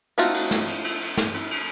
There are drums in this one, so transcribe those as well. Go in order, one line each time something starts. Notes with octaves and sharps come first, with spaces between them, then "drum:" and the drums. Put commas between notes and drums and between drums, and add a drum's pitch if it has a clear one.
A3 C4 D#4 F4 F#4, drum: cymbal
drum: cymbal
drum: snare
drum: cymbal
drum: cymbal
drum: cymbal
drum: snare
drum: cymbal
drum: cymbal